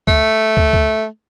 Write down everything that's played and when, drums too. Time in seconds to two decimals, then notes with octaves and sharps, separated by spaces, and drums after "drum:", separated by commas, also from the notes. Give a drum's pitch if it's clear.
0.07 A3, drum: kick
0.57 drum: kick
0.73 drum: kick